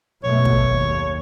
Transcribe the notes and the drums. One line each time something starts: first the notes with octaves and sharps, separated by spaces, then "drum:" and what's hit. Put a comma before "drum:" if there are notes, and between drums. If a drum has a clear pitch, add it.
F#2 B2 A3 C#5
drum: kick
D#2